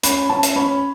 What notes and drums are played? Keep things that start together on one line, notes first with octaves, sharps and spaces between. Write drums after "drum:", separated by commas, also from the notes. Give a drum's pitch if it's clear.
C#4 B5, drum: hi-hat
C#4 A5
drum: hi-hat
C#4 B5